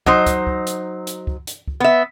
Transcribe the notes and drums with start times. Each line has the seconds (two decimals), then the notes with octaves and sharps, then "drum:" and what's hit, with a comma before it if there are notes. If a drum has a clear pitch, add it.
0.06 F#3 D#4 C5, drum: kick
0.27 drum: kick, hi-hat
0.47 drum: kick
0.67 drum: hi-hat
1.07 drum: hi-hat
1.27 drum: kick
1.47 drum: hi-hat
1.67 drum: kick
1.80 B3 E5